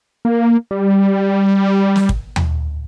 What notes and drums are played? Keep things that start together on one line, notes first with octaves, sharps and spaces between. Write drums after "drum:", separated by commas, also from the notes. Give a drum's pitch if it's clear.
A#3
G3
drum: snare
drum: kick
drum: tom D#2